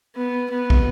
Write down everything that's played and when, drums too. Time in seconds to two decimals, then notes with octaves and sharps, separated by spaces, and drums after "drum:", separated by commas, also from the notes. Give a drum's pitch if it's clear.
0.15 B3
0.50 B3
0.70 drum: kick